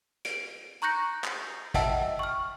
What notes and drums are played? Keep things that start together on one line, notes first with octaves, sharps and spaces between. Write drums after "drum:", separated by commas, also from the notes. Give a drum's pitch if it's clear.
D7, drum: hi-hat
A#5 C#6 F#6 G6 A#6 C#7
drum: clap
D#5 E5 F#5 G5 A5 E6, drum: kick, hi-hat
C#6 F6